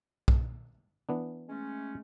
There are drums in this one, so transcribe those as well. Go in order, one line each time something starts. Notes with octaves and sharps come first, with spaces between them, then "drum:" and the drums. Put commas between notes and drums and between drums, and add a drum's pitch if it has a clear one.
drum: kick B1
E3 B3 D4
G#3 A3 C#4